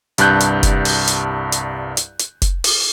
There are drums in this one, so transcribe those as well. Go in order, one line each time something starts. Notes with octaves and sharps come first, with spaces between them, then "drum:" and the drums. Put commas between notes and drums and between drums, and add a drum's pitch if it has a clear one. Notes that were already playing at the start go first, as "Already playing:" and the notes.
C2 G2 A5 F#6 G6, drum: hi-hat
drum: hi-hat
drum: kick F1, hi-hat
drum: open hi-hat
drum: hi-hat
drum: hi-hat
drum: hi-hat
drum: hi-hat
drum: kick F1, hi-hat
drum: open hi-hat